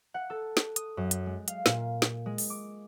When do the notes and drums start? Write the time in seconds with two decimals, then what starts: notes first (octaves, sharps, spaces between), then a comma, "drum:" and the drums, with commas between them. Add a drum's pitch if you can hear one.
0.14 F#5
0.30 A4
0.57 drum: snare
0.76 D#6, drum: hi-hat
0.97 F#2
1.11 drum: hi-hat
1.26 G#3
1.48 F5, drum: hi-hat
1.66 A#2, drum: snare
2.02 drum: snare
2.26 G#3
2.38 drum: open hi-hat
2.50 D6